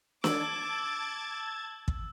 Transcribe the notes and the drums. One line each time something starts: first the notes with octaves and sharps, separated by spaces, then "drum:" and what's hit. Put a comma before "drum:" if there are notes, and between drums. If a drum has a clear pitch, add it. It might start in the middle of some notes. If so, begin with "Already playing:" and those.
A5 D6 E6 G#6 A6, drum: snare
drum: kick